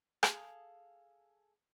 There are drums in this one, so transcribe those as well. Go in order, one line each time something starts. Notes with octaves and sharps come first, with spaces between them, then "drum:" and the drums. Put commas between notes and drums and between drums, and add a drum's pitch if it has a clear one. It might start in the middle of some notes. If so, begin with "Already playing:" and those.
G#4 A4 F5 D#6, drum: rim click